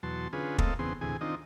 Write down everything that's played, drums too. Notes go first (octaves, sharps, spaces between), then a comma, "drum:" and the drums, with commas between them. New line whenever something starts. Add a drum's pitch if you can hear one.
E2 B2 F#3 A5 C6
D3 C#4 F4 G#4 B4
A3 A#3 C4 A4 D#5 F5, drum: kick
E2 C#3 B3 C4 G#4 C6
D2 A2 C3 E3 G#4 G#5
D#3 C4 D4 D#4 F4 D#5